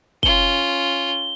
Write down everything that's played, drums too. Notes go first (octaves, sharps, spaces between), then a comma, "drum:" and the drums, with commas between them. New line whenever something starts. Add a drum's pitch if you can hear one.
C#4 F4 G7, drum: kick